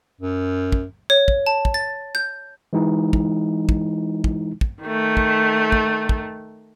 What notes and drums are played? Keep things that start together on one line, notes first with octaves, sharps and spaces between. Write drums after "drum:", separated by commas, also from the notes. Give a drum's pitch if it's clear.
F#2
drum: kick
C#5
drum: kick
A5
drum: kick
A6
G6
E3 G#3 D#4 E4
drum: kick
drum: kick
drum: kick
drum: kick
D#3 A3
drum: kick
drum: kick
drum: kick